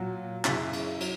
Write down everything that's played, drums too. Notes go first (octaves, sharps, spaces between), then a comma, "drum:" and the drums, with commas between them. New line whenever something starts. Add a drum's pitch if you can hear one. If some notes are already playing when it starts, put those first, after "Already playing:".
Already playing: A#2 F#3 F#4
F#2 C#3 F#3 E4, drum: clap
drum: cymbal
F#3, drum: cymbal